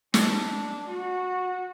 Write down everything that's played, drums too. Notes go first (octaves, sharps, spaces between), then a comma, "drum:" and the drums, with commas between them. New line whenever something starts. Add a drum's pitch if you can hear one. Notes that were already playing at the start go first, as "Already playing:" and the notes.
D4, drum: snare
F#4